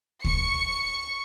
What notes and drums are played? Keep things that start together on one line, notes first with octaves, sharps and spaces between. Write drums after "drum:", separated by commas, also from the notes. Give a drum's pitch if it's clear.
C#6 C#7, drum: kick D2